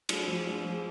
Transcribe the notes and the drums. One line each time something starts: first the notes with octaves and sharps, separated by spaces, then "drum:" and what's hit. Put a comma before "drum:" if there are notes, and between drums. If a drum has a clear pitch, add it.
F#3 D4 F4 G#4, drum: cymbal
F3
G#3 D4 F4 G#4
F3